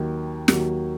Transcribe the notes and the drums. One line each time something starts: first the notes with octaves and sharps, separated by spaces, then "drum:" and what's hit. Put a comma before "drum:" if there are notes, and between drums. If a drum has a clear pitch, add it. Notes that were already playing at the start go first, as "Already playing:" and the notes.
Already playing: D#2 D#3 F#3
D#2 D#3 F#3, drum: snare